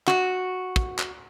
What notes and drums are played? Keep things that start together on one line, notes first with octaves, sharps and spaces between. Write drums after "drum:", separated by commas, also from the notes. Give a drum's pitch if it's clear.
F#4, drum: clap
drum: kick
drum: clap